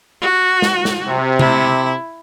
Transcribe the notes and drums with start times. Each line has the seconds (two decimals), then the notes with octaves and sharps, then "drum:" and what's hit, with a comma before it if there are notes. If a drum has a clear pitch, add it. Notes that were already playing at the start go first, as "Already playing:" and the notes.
0.21 F#4
0.62 drum: snare
0.85 drum: snare
1.08 C3
1.39 E4, drum: tom C3